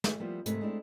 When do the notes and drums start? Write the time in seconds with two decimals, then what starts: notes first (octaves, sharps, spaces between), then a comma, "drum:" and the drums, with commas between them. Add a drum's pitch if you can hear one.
0.04 D#3 F#3 A3 G#4, drum: snare
0.20 F3 G3 A#3 B3 E4 C5
0.46 E2 G#2 C3 A3 A#3 B4, drum: hi-hat
0.61 G#3 A3 C4 D4 E4